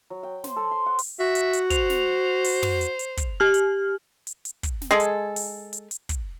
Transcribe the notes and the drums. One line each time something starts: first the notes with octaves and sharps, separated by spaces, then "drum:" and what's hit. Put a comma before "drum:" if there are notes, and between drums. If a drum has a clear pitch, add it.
F#3
G5
C5, drum: snare
A4
C6
F#5
drum: open hi-hat
F#4 E5
drum: hi-hat
drum: hi-hat
C5 F7, drum: kick, hi-hat
drum: snare
drum: open hi-hat
drum: tom
drum: hi-hat
drum: hi-hat
drum: kick, hi-hat
G4 F6
drum: hi-hat
drum: hi-hat
drum: hi-hat
drum: kick, hi-hat
drum: snare
G#3 G#4 A4
drum: hi-hat
drum: open hi-hat
drum: hi-hat
drum: hi-hat
drum: kick, hi-hat